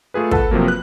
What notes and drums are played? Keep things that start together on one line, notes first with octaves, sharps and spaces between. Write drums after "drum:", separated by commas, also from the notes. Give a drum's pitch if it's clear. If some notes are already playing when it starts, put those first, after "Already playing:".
A3 F4 G#4 B4
A4 B4 F#5 A5, drum: kick
C3 F3 F#3 A#3
B4 F#6